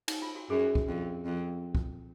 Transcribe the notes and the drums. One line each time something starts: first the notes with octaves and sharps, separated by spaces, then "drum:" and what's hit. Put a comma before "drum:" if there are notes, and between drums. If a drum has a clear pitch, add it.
D#4, drum: cymbal
F4
F#4
F#2 G#4
drum: kick
F2
F2
drum: kick